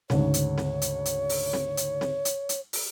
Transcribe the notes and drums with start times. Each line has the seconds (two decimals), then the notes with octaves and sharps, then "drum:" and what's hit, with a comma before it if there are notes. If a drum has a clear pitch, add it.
0.10 D2 G#2 C#3 C#5, drum: snare C4
0.34 drum: hi-hat
0.58 drum: snare C4
0.82 drum: hi-hat
1.05 drum: hi-hat
1.29 drum: open hi-hat
1.53 drum: snare C4
1.77 drum: hi-hat
2.01 drum: snare C4
2.25 drum: hi-hat
2.49 drum: hi-hat
2.73 drum: open hi-hat